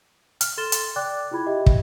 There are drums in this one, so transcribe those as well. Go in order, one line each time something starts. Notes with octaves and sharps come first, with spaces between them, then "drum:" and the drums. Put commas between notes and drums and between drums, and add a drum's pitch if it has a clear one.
F6, drum: hi-hat
A4 C6 A6 E7 G7
drum: hi-hat
D5 G5 D6 F#6 A6
E4 F4 G#4 B5 G#6
G4 D#5 E5 G5
drum: kick